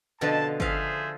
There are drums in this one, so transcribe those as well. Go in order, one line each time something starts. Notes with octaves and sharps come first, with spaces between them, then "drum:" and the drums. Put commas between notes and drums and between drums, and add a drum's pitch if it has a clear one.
B2 D3 F3 A5
F3 G#4 C5 E5 F5, drum: kick